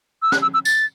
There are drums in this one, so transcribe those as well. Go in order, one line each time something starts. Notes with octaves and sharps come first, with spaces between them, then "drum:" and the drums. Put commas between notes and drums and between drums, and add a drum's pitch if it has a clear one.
E6
F#6, drum: snare
E6
E6
A6, drum: tambourine